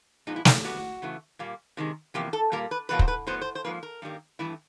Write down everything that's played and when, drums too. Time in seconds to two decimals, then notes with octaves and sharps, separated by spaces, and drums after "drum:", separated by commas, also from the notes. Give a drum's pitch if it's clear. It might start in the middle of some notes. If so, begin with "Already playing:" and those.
0.27 A#2 F3 G#3 B3 D#4
0.36 E4
0.45 D#4, drum: snare
0.64 B2 G3 B3 F#4
1.02 C#3 E3 A3
1.39 A#2 G3 A#3
1.77 C3 D#3 G#3
2.14 E2 C3 F3 A#3 G4
2.33 A4
2.52 A#2 G3 A#3 A#4
2.71 B4
2.89 E2 B2 F#3 A#3 B4
2.99 C5, drum: kick
3.08 B4
3.27 A2 F#3 B3 C5
3.41 C5
3.55 C5
3.64 G#2 F3 A#3 B4
3.83 A#4
4.02 G2 D#3 G3 A#3
4.39 G2 E3 A3 E4